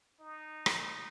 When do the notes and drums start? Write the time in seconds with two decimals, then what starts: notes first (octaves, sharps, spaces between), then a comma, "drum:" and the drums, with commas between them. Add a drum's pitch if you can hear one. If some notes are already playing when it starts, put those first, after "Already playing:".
0.21 D#4
0.66 drum: rim click